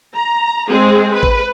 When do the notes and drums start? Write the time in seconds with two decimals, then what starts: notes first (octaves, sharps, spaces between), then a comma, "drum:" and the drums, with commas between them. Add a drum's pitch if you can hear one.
0.17 A#5
0.70 G#3 C4 G#4
1.12 B4
1.23 drum: kick A1